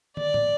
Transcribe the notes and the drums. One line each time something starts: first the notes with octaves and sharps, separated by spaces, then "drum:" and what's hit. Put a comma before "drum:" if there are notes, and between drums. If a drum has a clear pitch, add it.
D5, drum: tom
drum: tom